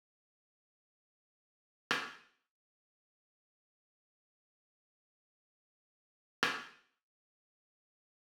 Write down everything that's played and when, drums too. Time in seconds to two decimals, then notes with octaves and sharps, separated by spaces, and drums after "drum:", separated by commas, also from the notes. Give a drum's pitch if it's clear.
0.19 E3 C#4
0.50 B2
1.54 B3 E4 F#4
1.91 drum: rim click
3.27 C#3 G3 A4 C#5 D#7
3.41 B4 C#5 E5
3.60 F#5 G#5 A5 C#6 D#6 G6
3.82 A#1 F#2 A#2 C#3 D4 A5
3.93 A#1 D#3 G4 F5 E6 F#6
4.12 A4 C5 E5
5.61 C5 E5 A#5 C#6 D#6
6.07 D#5 G#5
6.43 drum: rim click
6.62 G5
7.16 G4 A#4 F5 G5 G#5
7.39 B4
7.92 D5 D#5